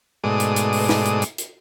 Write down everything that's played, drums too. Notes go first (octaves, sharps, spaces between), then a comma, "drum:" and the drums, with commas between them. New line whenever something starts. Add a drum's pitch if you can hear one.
G#2 B2 G#3 A3 D5 D#6
drum: hi-hat
drum: hi-hat
drum: open hi-hat
drum: snare
drum: hi-hat
drum: hi-hat
drum: hi-hat